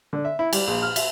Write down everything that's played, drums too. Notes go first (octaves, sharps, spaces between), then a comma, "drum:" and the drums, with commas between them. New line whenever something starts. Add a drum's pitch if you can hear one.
D3
E5
E4
G3, drum: cymbal
A#1
F6
E5, drum: cymbal